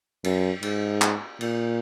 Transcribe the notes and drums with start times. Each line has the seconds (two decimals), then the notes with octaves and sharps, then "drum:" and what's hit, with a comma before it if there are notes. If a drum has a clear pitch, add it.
0.24 F#2, drum: cymbal
0.63 G#2, drum: cymbal
1.02 drum: clap
1.41 A#2, drum: cymbal